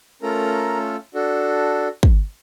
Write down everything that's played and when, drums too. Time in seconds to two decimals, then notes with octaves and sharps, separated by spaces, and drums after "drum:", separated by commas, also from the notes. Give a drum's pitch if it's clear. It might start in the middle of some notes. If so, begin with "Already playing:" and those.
0.22 A3 C#4 F4 A4 A#4 A#5
1.14 D4 F#4 A4
2.03 drum: kick